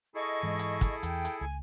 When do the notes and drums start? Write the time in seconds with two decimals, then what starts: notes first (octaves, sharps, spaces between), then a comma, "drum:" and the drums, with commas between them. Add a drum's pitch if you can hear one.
0.14 E4 G#4 A4 D#5 C#6
0.43 G#2 E3
0.59 drum: hi-hat
0.81 drum: kick, hi-hat
1.03 E2 G5, drum: hi-hat
1.25 drum: hi-hat
1.41 C#2 G#5